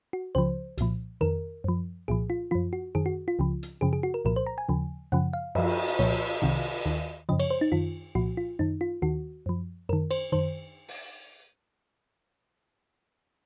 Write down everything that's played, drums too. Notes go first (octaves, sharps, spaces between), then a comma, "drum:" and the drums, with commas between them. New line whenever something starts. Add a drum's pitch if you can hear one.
F#4
C#2 C#3 F3 C5
C2 A#2 F3, drum: hi-hat
F2 D#3 A#4
F#2 F3
C2 A#2 F3 G#4
F4
F#2 F3 F4
F#4
F#2 D#3 G#4
F#4
F4
C#2 C#3 F3
drum: hi-hat
F#2 C#3 F3 G#4
G#4
F#4
A#4
C2 A#2 F3 A#4
C5
A#5
G#5
D#2 C#3 F3
F#2 C#3 F3 F#5
F5
F#2 F3, drum: cymbal
drum: hi-hat
C2 A#2 F3 C#5
C2 C3 D#3
D#2 D#3
F#2 C#3 F3 D#5
C#5, drum: cymbal
C5
D#4
F#2 D#3 F4
C2 A#2 F3 F#4
F4
F#2 D#3 D#4
F4
D#2 D#3 F#4
F#2 F3
F#2 D#3 A#4
C5, drum: cymbal
F#2 D#3 C5
drum: open hi-hat